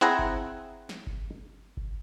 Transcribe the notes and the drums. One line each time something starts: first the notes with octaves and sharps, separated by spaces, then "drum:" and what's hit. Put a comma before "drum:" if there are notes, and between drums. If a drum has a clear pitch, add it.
C4 E4 G#4 F#5 G#5 A#5
drum: kick G1
drum: snare
drum: kick G1
drum: kick G1